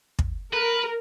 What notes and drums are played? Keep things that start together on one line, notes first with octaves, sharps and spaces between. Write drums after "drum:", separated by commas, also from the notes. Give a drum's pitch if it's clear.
drum: kick
A#4 B4